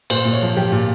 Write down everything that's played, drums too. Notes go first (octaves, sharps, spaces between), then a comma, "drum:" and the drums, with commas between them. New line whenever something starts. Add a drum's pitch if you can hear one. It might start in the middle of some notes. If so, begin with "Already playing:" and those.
A#2 C5, drum: cymbal
A#2
C#5
F3
F3 G4
A#2